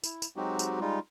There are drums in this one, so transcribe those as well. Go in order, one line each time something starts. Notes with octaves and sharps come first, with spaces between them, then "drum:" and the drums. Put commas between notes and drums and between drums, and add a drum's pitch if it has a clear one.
E4, drum: tambourine
drum: tambourine
F#3 G#3 C4 D#4 F#4 G4
drum: tambourine
G3 G#3 D#4 F4